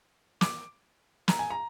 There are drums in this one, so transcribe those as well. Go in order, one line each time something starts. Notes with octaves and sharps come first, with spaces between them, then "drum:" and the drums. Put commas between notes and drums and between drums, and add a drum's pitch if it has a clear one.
D6, drum: snare
A#5, drum: snare
G#5
A#5